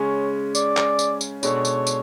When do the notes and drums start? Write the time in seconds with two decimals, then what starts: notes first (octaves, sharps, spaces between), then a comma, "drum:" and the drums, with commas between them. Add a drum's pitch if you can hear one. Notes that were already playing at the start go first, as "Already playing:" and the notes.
Already playing: C#3 G#3 C#4 C#5
0.55 D5, drum: tambourine
0.77 drum: clap
0.99 drum: tambourine
1.21 drum: tambourine
1.43 B2 G#3 D4 A4 C#5, drum: tambourine
1.65 drum: tambourine
1.87 drum: tambourine